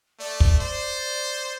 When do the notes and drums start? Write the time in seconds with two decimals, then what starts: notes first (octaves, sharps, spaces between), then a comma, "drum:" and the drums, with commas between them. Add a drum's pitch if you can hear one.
0.20 A3 D5
0.40 drum: kick
0.60 C5